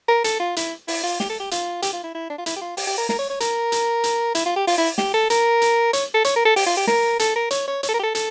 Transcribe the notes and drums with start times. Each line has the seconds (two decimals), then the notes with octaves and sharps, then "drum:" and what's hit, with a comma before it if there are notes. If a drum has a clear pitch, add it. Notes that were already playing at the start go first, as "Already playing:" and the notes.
0.08 A#4
0.24 A4, drum: hi-hat
0.40 F4
0.56 E4, drum: hi-hat
0.88 E4, drum: open hi-hat
1.03 F4
1.20 G4, drum: snare
1.29 A4
1.40 G4
1.51 F4, drum: hi-hat
1.82 G4, drum: hi-hat
1.93 F4
2.04 E4
2.15 E4
2.30 D4
2.38 F4
2.46 E4, drum: hi-hat
2.56 G4
2.61 F4
2.77 G4, drum: open hi-hat
2.87 G4
2.98 A#4
3.09 A#4, drum: snare
3.19 C#5
3.30 C#5
3.40 A#4, drum: hi-hat
3.72 drum: hi-hat
4.04 drum: hi-hat
4.35 E4, drum: hi-hat
4.46 F4
4.56 G4
4.67 F4, drum: open hi-hat
4.78 E4
4.98 G4, drum: snare
5.14 A4
5.30 A#4, drum: hi-hat
5.62 drum: hi-hat
5.93 C#5, drum: hi-hat
6.14 A4
6.24 C#5, drum: hi-hat
6.36 A#4
6.45 A4
6.56 G4, drum: open hi-hat
6.66 F4
6.77 G4
6.87 A#4, drum: snare
7.19 A4, drum: hi-hat
7.36 A#4
7.51 C#5, drum: hi-hat
7.68 C#5
7.83 C#5, drum: hi-hat
7.89 A4
7.94 A#4
7.99 G4
8.03 A4
8.15 A4, drum: hi-hat